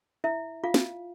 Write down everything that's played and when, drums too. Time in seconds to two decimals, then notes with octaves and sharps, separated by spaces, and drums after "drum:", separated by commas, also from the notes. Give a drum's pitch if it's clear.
0.24 E4 E5
0.64 F4 F5
0.74 drum: snare